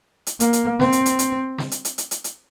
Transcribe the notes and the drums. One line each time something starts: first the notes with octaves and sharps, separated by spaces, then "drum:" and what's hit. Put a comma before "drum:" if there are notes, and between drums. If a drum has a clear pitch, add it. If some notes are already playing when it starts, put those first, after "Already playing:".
drum: hi-hat
A#3, drum: hi-hat
drum: hi-hat
C4, drum: snare
drum: hi-hat
drum: hi-hat
drum: hi-hat
drum: snare
drum: hi-hat
drum: hi-hat
drum: hi-hat
drum: hi-hat
drum: hi-hat